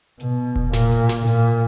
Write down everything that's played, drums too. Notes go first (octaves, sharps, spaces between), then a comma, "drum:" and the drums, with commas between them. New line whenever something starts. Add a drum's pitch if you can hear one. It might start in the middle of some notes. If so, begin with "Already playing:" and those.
B2, drum: hi-hat
drum: kick E1
A#2, drum: snare
drum: hi-hat
drum: snare
A#2, drum: hi-hat